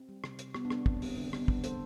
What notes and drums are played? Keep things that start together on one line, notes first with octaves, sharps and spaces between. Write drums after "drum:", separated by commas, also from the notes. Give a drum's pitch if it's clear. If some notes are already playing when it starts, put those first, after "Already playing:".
Already playing: C4
G3
C3, drum: rim click
C3, drum: hi-hat
G3 B3, drum: rim click
B3 D4
G3, drum: rim click
B3
C3 C4, drum: kick
B3
G3 C4, drum: open hi-hat
D3 D4
C4
G3, drum: rim click
B3 D4
G3, drum: kick
G3 A4 C5, drum: hi-hat